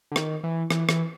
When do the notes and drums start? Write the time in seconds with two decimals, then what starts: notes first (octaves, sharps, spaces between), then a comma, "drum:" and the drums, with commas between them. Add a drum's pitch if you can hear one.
0.11 D3
0.16 D#3, drum: rim click
0.44 E3
0.70 E3, drum: rim click
0.89 E3, drum: rim click